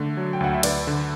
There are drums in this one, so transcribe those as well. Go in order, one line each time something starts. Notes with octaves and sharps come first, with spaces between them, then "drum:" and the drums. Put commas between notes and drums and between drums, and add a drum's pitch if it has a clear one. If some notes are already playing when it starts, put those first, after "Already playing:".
Already playing: D3 A3
F#3
G5
D2 F#5
E5
D2 B4 D5, drum: cymbal
D3